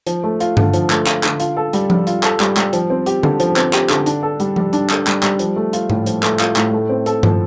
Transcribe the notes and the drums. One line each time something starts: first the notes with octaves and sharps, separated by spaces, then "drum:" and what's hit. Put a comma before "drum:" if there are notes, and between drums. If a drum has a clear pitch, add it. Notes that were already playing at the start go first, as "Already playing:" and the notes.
F3, drum: hi-hat
A3
F4, drum: hi-hat
D3, drum: tom G2
F3, drum: hi-hat
A3, drum: clap
F4, drum: clap
D3, drum: clap
F4, drum: hi-hat
A4
G3, drum: hi-hat
G3, drum: tom F3
F4, drum: hi-hat
A4, drum: clap
G3, drum: clap
G3, drum: clap
F3, drum: hi-hat
C4
G4, drum: hi-hat
D3, drum: tom D3
F3, drum: hi-hat
C4, drum: clap
G4, drum: clap
D3, drum: clap
D4, drum: hi-hat
A4
G3, drum: hi-hat
G3, drum: tom F3
D4, drum: hi-hat
A4, drum: clap
G3, drum: clap
G3, drum: clap
F3, drum: hi-hat
A3
F4, drum: hi-hat
A2, drum: tom G#2
F3, drum: hi-hat
A3, drum: clap
F4, drum: clap
A2, drum: clap
A3
C4
A4, drum: hi-hat
F3, drum: tom G2